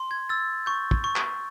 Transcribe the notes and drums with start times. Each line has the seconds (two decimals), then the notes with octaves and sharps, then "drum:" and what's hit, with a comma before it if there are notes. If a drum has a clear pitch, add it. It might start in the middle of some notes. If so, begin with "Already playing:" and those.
Already playing: C6
0.11 G#6
0.29 E6 A6
0.66 C#6 G6
0.91 drum: kick
1.04 C#6
1.16 drum: clap